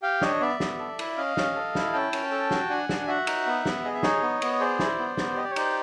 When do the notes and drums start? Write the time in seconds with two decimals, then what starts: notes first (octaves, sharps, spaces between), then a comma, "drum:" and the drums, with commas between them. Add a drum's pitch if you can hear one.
0.02 G4 F5 G5
0.21 D4 C#5 D#5, drum: snare
0.41 B3 D5 E5
0.60 B3, drum: snare
0.79 A4
0.99 E4, drum: cymbal
1.17 C#4 D#5 F5
1.37 C#4, drum: snare
1.56 A4
1.75 E4, drum: snare
1.93 C#4 G5 A5
2.13 C#4, drum: cymbal
2.31 A4
2.51 F#4, drum: snare
2.70 D4 F#5 G#5
2.89 D4, drum: snare
3.07 F#4 E5 F#5
3.27 D#4, drum: cymbal
3.47 B3
3.65 B3, drum: snare
3.84 G#4 D#5
3.94 E5
4.03 D#4 C#5 D#5, drum: snare
4.23 B3
4.42 B3, drum: cymbal
4.60 G#4 C5 D5
4.79 E4, drum: snare
4.99 B3
5.17 B3, drum: snare
5.36 G4 D#5
5.44 D5
5.51 C#5
5.56 D#4 C5 D5, drum: cymbal